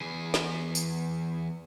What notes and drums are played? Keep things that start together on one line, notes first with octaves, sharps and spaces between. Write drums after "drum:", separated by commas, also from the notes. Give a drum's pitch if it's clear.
E2 G#4
drum: snare
drum: tambourine